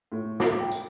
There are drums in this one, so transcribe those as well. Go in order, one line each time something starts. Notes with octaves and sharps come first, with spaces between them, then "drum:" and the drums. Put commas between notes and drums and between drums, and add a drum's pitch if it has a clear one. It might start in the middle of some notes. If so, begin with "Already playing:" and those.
A2
D6, drum: snare
G5
drum: tambourine